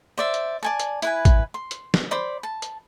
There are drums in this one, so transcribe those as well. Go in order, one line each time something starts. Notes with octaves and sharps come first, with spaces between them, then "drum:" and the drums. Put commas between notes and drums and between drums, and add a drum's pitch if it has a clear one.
C5 D5 E5
drum: hi-hat
D5 G#5 A5
drum: hi-hat
E4 B4 G#5, drum: hi-hat
drum: kick A1, hi-hat
C6
drum: hi-hat
drum: snare
C5 D5 B5
A5
drum: hi-hat